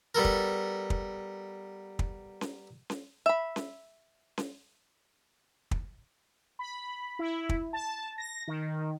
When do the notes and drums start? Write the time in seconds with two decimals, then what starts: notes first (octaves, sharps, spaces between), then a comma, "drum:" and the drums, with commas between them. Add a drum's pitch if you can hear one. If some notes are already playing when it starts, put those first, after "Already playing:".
0.15 G3 B3 A4 A#4
0.25 drum: kick
0.90 drum: kick
1.99 drum: kick
2.41 drum: snare C#4
2.90 drum: snare C#4
3.26 E5 B5
3.56 drum: snare C#4
4.38 drum: snare C#4
5.71 drum: kick
6.59 B5
7.19 E4
7.49 drum: kick
7.73 A5
8.18 A#6
8.48 D#3